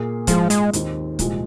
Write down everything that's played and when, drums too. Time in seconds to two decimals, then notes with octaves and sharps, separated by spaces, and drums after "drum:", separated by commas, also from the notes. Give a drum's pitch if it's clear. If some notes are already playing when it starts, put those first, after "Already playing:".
Already playing: A#2 A#3 G#4
0.27 G#2 F3 G#3 F4 G#4, drum: kick C#1, hi-hat
0.50 G#3, drum: hi-hat
0.73 D#2 D#3 C4 D#4, drum: hi-hat
1.19 C2 A#2 F3 G#3, drum: kick C#1, hi-hat